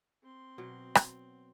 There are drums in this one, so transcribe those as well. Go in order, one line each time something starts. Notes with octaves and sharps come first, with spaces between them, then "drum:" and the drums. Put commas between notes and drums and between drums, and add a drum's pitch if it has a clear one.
C4 C6
B2 F#3
drum: rim click